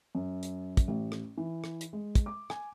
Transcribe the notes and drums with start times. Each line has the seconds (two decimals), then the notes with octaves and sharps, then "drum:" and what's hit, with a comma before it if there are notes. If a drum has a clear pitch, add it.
0.15 F#2
0.43 drum: hi-hat
0.77 drum: kick, hi-hat
0.88 A1
1.12 drum: rim click
1.37 E3
1.64 drum: rim click
1.81 drum: hi-hat
1.93 G#3
2.15 drum: kick, hi-hat
2.26 D6
2.50 G#5, drum: rim click